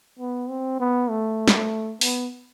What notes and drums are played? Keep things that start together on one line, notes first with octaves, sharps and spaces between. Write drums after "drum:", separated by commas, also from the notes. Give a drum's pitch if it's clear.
B3
C4
B3
A3
drum: snare
B3, drum: open hi-hat